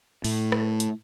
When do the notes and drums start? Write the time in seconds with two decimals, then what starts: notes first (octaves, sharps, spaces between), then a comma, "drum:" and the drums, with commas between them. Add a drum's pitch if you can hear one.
0.24 A2, drum: open hi-hat
0.52 drum: rim click
0.80 drum: hi-hat